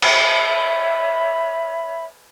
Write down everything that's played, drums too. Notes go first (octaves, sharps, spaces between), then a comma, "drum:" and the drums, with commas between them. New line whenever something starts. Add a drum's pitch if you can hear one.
C#5 E5 B5, drum: cymbal